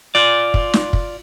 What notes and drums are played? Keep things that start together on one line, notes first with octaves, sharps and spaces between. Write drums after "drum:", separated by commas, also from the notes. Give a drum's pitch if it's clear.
F4 D5
drum: kick
drum: snare
drum: kick